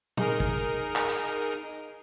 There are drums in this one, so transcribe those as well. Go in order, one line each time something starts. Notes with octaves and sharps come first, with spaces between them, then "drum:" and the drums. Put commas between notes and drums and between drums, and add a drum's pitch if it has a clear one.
D#4 G#4 A#4, drum: tom
drum: kick
drum: tambourine
drum: clap
drum: hi-hat